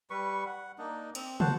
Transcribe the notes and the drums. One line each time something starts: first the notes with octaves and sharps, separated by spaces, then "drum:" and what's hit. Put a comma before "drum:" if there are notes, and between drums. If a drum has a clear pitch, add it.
G3 B4 C#6
F#5
A#3 D4 D#4
C4, drum: cymbal
F#4 C5 F#5 A5, drum: tom